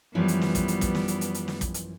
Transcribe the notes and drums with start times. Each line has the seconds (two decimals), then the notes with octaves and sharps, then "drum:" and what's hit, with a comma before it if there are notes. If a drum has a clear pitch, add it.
0.15 F#2 E3 F3 G3 B3
0.28 drum: hi-hat
0.42 drum: snare
0.55 drum: kick, hi-hat
0.68 drum: hi-hat
0.81 drum: kick, hi-hat
0.95 drum: snare
1.08 drum: hi-hat
1.21 drum: hi-hat
1.34 drum: hi-hat
1.48 drum: snare
1.61 drum: kick, hi-hat
1.74 drum: hi-hat